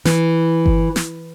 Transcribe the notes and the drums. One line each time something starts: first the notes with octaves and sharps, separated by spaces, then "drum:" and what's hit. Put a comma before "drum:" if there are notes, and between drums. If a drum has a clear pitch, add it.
E3, drum: snare
drum: kick G1
drum: snare